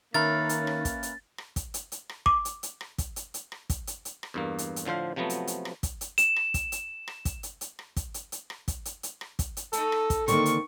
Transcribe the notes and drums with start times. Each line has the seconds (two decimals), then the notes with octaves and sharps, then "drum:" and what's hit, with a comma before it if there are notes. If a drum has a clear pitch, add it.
0.14 D#3 A#3 C#4 A#4 B4 E5 A6
0.49 drum: hi-hat
0.67 drum: rim click
0.85 drum: kick, hi-hat
1.03 drum: hi-hat
1.38 drum: rim click
1.56 drum: kick, hi-hat
1.74 drum: hi-hat
1.92 drum: hi-hat
2.09 drum: rim click
2.26 D6, drum: kick
2.45 drum: hi-hat
2.63 drum: hi-hat
2.81 drum: rim click
2.98 drum: kick, hi-hat
3.16 drum: hi-hat
3.34 drum: hi-hat
3.52 drum: rim click
3.70 drum: kick, hi-hat
3.87 drum: hi-hat
4.05 drum: hi-hat
4.23 drum: rim click
4.34 E2 G2 A#3
4.58 drum: hi-hat
4.76 drum: hi-hat
4.85 A2 D3 F3 C5 F5
5.16 C3 F3 F#3 A3 B3
5.30 drum: hi-hat
5.47 drum: hi-hat
5.65 drum: rim click
5.83 drum: kick, hi-hat
6.01 drum: hi-hat
6.18 E7, drum: hi-hat
6.36 drum: rim click
6.54 drum: kick, hi-hat
6.72 drum: hi-hat
7.08 drum: rim click
7.25 drum: kick, hi-hat
7.43 drum: hi-hat
7.61 drum: hi-hat
7.79 drum: rim click
7.96 drum: kick, hi-hat
8.14 drum: hi-hat
8.32 drum: hi-hat
8.50 drum: rim click
8.68 drum: kick, hi-hat
8.85 drum: hi-hat
9.03 drum: hi-hat
9.21 drum: rim click
9.39 drum: kick, hi-hat
9.57 drum: hi-hat
9.73 A3 D#4 A4, drum: hi-hat
9.92 drum: rim click
10.10 drum: kick, hi-hat
10.28 D3 D#3 A#3 C4 C#6, drum: hi-hat
10.46 drum: hi-hat